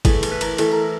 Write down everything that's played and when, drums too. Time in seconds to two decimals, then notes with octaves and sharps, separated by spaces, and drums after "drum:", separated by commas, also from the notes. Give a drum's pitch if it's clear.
0.05 E3 A3 G#4, drum: kick, cymbal
0.23 A4, drum: cymbal
0.31 B4
0.41 A#4, drum: cymbal
0.58 E3 A3 A4, drum: cymbal
0.72 A#4